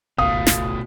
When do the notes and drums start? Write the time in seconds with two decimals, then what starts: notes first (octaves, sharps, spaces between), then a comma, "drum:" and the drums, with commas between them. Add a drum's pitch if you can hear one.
0.18 D#1 G#1 C#2 B2 A3 F5 D#6
0.47 drum: snare